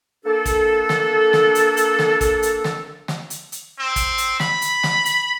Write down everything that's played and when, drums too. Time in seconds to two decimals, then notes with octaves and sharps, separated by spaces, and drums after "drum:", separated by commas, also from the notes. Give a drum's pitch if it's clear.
0.25 A#3 D4 A4
0.45 drum: kick, hi-hat
0.89 drum: snare
1.33 drum: snare
1.55 drum: hi-hat
1.77 drum: hi-hat
1.99 drum: snare
2.21 drum: kick, hi-hat
2.43 drum: hi-hat
2.64 drum: snare
3.08 drum: snare
3.30 drum: hi-hat
3.52 drum: hi-hat
3.79 C4
3.96 drum: kick, hi-hat
4.18 drum: hi-hat
4.40 B5, drum: snare
4.62 drum: hi-hat
4.84 drum: snare
5.05 drum: hi-hat